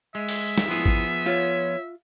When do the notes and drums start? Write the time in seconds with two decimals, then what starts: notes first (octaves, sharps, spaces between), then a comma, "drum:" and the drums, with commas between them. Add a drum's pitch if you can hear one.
0.15 G#3 E5
0.29 drum: open hi-hat
0.58 drum: snare
0.68 F3 B3 E4 G#4
0.86 drum: kick
1.26 F4 C#5